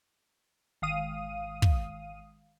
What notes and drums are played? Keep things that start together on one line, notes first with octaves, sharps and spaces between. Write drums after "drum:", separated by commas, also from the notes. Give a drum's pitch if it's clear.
G#1 F5 D#6 D#7
drum: kick